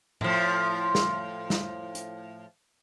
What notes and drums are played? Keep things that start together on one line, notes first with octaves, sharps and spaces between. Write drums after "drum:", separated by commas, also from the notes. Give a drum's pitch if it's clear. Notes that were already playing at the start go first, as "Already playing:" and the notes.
A2 F3, drum: tom A2
drum: snare
drum: snare
drum: hi-hat